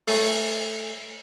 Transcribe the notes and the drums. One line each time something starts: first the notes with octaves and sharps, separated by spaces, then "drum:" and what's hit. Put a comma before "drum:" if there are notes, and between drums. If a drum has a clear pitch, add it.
A3, drum: open hi-hat